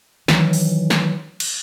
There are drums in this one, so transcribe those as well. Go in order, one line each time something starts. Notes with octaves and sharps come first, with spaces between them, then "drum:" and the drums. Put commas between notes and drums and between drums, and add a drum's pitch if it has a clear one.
D#3 E3 F#3, drum: snare
drum: open hi-hat
drum: snare
drum: cymbal